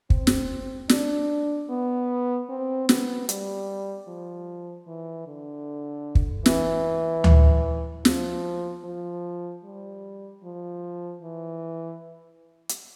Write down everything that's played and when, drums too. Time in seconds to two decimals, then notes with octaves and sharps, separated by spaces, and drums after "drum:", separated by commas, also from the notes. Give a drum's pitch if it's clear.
0.10 C4, drum: kick
0.27 drum: snare
0.89 D4, drum: snare
1.70 B3
2.49 C4
2.89 B3, drum: snare
3.29 G3, drum: hi-hat
4.08 F3
4.87 E3
5.27 D3
6.15 drum: kick
6.46 E3, drum: snare
7.24 drum: tom D2
8.05 F3, drum: snare
8.84 F3
9.64 G3
10.44 F3
11.22 E3
12.69 drum: hi-hat